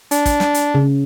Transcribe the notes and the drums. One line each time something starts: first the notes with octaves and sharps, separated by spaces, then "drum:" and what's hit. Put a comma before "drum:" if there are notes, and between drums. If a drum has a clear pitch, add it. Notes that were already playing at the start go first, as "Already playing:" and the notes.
D4, drum: hi-hat
drum: kick, hi-hat
drum: snare
drum: hi-hat
C#3